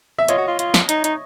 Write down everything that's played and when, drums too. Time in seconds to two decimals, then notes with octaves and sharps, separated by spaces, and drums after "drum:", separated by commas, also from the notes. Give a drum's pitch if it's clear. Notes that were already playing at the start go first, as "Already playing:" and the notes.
0.19 E5
0.28 F4 C#5 D#5, drum: hi-hat
0.38 F#4
0.48 F4
0.59 F4, drum: hi-hat
0.74 drum: snare
0.89 D#4, drum: hi-hat
1.04 D#4, drum: hi-hat